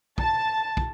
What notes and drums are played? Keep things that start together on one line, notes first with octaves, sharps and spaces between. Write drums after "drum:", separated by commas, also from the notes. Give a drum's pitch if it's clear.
A5, drum: kick
drum: kick